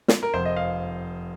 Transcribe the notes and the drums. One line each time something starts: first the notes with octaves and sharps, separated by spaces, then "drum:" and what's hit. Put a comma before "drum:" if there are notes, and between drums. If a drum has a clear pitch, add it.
drum: snare
A#4
F1 C5
D#5
F5